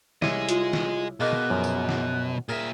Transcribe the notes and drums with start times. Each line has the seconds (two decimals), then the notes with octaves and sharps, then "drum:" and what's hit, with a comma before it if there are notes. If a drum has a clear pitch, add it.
0.22 C2 E4 G#4 C#5 D#5 E5, drum: snare
0.49 F4, drum: hi-hat
0.73 drum: snare
1.20 B2 G#3 A#3 D#4 F#6
1.50 F#2 F3
1.64 drum: tambourine
1.89 drum: snare
2.49 A#2 G#4 A#4 E5